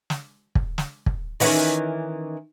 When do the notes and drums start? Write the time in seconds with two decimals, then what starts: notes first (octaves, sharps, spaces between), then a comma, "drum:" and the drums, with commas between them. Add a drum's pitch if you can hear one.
0.10 drum: snare
0.55 drum: kick
0.78 drum: snare
1.06 drum: kick
1.40 D#3 E3 C#4, drum: open hi-hat